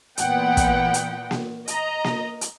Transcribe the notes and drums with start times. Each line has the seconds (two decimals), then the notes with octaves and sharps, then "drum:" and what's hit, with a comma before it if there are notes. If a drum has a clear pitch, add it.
0.17 A#2 E3 B3 F#5 G5, drum: hi-hat
0.57 drum: kick, hi-hat
0.94 drum: hi-hat
1.31 drum: snare A#3
1.68 D#5 A#5, drum: hi-hat
2.04 drum: snare A#3
2.41 drum: hi-hat